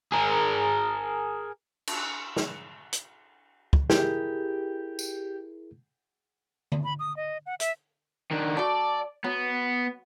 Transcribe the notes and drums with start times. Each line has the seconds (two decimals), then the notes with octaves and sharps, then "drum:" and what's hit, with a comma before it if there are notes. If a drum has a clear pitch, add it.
0.12 G#4 A#4
1.87 drum: cymbal
2.36 drum: snare
2.93 drum: hi-hat
3.73 drum: kick
3.90 E4 G4 G#4 A#4, drum: snare
4.99 drum: tambourine
6.72 drum: tom D3
6.84 B5
6.99 D#6
7.17 D#5
7.46 F#5
7.60 E5, drum: hi-hat
8.31 D#3 D4
8.57 A3 F#4 A4 D5
9.24 F#3 B3